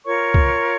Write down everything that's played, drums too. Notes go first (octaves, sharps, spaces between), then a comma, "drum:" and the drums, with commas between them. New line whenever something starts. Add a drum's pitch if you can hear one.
F4 A#4 C#5 C#6
drum: kick C2